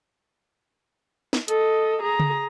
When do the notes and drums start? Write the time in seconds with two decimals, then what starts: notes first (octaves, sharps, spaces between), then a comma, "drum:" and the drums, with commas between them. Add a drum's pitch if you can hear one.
1.33 drum: snare
1.48 A4 D#5, drum: hi-hat
2.02 G#4 A#5
2.20 drum: tom C#3